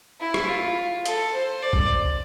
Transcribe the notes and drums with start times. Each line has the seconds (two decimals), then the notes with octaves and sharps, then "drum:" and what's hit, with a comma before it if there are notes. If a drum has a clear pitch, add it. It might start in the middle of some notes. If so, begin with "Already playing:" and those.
0.20 E4
0.34 drum: rim click
0.49 F4
1.06 A4, drum: hi-hat
1.34 C5
1.62 D5
1.73 drum: kick B1